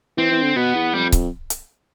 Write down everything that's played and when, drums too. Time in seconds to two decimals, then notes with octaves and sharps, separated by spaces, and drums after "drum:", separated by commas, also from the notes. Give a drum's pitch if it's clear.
0.17 E3 C4
0.31 E3
0.43 D3
0.56 B2 B3
0.75 E2
0.94 F2 G3
1.12 drum: kick C#1, hi-hat
1.50 drum: hi-hat